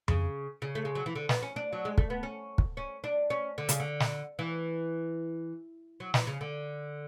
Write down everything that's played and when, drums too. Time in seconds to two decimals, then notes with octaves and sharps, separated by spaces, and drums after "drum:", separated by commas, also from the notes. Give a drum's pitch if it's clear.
0.08 C#3, drum: tom F2
0.62 C#3
0.75 A3
0.85 G#3
0.95 F#3
1.06 E3
1.15 D3
1.29 B3, drum: snare
1.42 C#4
1.56 D4
1.73 F#3
1.85 G#3
1.98 A3, drum: kick
2.10 B3
2.23 C#4
2.58 drum: kick
2.77 C#4
3.04 D4
3.30 C#4
3.58 D3
3.69 C#3, drum: hi-hat
3.80 D3
4.00 drum: snare
4.39 E3
6.00 F#3
6.14 E3, drum: snare
6.27 C#3
6.41 D3